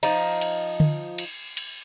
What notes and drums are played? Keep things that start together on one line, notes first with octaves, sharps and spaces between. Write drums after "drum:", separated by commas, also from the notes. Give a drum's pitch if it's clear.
F3 D#4, drum: cymbal
drum: cymbal
drum: tom D3
drum: cymbal
drum: cymbal